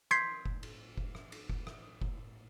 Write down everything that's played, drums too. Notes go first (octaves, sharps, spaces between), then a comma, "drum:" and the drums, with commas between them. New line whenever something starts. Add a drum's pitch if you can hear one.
C6 G6 G#6 B6 C7, drum: rim click
drum: kick F1
drum: cymbal
drum: kick F1
drum: rim click
drum: cymbal
drum: kick F1
drum: rim click
drum: kick F1